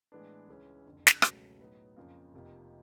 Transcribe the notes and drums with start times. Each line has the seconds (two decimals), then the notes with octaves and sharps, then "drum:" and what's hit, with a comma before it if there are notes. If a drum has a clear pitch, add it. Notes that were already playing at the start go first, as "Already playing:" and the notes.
0.12 A2 E3 G#3 B3 D4
0.48 C#2 C#3 E3 G#3 C#4
0.85 F#1 F2 D3
1.07 drum: snare
1.22 C#2 B2 F#3 A3 C#4, drum: rim click
1.59 A2 F#3 B3 D#4
1.97 F2 C#3 F3 A#3
2.34 F1 F2 C3 F3 A#3